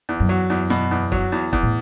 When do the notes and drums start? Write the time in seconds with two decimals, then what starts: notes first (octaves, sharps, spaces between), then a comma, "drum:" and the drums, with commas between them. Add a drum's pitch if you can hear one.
0.09 E2
0.20 F#2
0.29 F#3
0.50 E2
0.70 B2, drum: snare
0.91 E2
1.12 F#3, drum: kick
1.32 E2
1.53 E2, drum: kick
1.63 A2